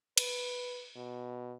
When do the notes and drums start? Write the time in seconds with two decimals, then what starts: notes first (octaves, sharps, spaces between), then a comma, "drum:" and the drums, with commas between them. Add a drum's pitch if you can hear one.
0.17 B4, drum: cymbal
0.96 B2